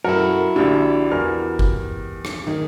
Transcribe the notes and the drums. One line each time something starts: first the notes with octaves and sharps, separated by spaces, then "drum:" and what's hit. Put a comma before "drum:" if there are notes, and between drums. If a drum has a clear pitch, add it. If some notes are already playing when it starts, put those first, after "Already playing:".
F#2 E4 F#4 A4 A#4
A#1 D3 G4
E2 A#4 F6
drum: kick G1
drum: rim click
D#3 D#4 G#4